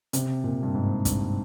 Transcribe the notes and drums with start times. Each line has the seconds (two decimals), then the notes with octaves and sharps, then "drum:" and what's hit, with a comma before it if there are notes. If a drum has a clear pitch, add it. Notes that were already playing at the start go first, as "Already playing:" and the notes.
0.13 C3, drum: hi-hat
0.44 A#2
0.63 G2
0.75 G#2
1.05 G2, drum: kick, hi-hat